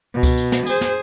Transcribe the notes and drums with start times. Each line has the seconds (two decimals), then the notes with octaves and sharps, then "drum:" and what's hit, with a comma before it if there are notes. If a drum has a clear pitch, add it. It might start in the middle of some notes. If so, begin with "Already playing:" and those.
0.14 B2
0.23 drum: kick C#2, tambourine
0.38 drum: tambourine
0.52 drum: snare
0.67 G#4 C5, drum: tambourine
0.81 drum: snare